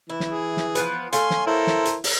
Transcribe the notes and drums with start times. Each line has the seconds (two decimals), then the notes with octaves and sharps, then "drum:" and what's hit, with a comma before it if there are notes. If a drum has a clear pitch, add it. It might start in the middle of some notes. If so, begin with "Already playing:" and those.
0.10 E3 E4
0.20 drum: snare
0.29 G#4
0.57 drum: snare
0.75 F3 B3 B4, drum: hi-hat
1.13 A3 C#5 F5 G#5 C6, drum: hi-hat
1.30 drum: snare
1.47 E4 A4 A#4 C5
1.67 drum: snare
1.85 drum: hi-hat
2.04 drum: open hi-hat